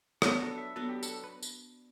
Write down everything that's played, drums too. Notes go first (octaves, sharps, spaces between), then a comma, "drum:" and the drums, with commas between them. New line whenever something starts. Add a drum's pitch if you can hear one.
F#3 B3 D4 F#4, drum: rim click
A4
E5
F#3 B3 D4 A4
G4
A4, drum: tambourine
B4
drum: tambourine